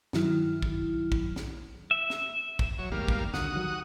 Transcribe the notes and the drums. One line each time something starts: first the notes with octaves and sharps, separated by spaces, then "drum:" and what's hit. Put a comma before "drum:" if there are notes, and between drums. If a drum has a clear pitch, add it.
G2 D#3 F#3 E4 F6, drum: snare
drum: kick
drum: kick
drum: snare
E5
drum: snare
drum: kick
F#3 C#5
G1 E2 G#2 G3 A#3 F5
drum: kick
D#2 D3 F#4 F#5 D#6, drum: snare
D#3 F#3 G3